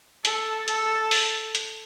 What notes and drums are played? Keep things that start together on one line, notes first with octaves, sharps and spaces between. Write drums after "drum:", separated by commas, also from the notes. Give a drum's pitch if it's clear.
A4, drum: hi-hat
A4, drum: hi-hat
drum: open hi-hat
drum: hi-hat